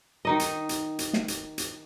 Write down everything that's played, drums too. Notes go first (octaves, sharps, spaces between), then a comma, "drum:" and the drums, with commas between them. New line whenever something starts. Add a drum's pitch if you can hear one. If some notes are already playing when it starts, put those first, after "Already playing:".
D#3 D#4 D#5
drum: hi-hat
drum: hi-hat
drum: hi-hat
drum: snare
drum: hi-hat
drum: hi-hat